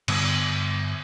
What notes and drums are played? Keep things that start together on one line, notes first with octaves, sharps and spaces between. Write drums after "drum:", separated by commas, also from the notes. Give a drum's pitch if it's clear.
G2 D3 B3, drum: cymbal